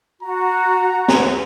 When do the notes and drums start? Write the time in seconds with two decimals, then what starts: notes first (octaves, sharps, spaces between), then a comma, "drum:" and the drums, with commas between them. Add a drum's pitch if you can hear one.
0.22 F#4 A#5
1.08 drum: snare